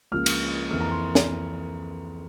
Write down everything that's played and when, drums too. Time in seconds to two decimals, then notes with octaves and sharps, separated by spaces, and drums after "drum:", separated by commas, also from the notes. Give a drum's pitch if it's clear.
0.12 C#2 C#3 F3 A#3 F6
0.26 drum: cymbal
0.70 F2 E3 A#3 F6
0.80 A#5
0.91 C6
1.15 drum: snare